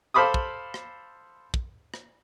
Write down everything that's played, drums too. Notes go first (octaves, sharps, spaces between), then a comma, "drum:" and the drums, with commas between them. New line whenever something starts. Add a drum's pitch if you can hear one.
A4 C5 F5 B5 D6 D#6
drum: kick
drum: rim click
drum: kick
drum: rim click